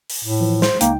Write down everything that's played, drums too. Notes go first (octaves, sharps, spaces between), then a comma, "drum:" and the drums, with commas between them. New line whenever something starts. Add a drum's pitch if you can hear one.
drum: open hi-hat
A2
E3 F3
C5, drum: snare
C#2 A#3 D#4 G5, drum: hi-hat